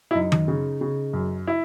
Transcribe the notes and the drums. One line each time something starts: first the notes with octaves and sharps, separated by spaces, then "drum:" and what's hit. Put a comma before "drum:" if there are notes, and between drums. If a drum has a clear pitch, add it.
E4
F#2 D#4
drum: tom D#3
C#3
C#3
F#2
E4